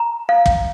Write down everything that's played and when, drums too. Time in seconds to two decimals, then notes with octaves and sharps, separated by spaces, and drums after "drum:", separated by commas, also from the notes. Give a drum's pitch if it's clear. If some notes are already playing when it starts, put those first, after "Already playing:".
Already playing: A#5
0.29 F5
0.46 drum: kick